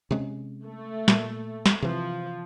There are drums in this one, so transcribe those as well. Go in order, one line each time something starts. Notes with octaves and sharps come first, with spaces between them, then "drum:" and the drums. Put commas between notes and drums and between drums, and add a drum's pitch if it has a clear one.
C3 G#3 C#4
A3
A#2, drum: snare
drum: snare
C3 E3 F3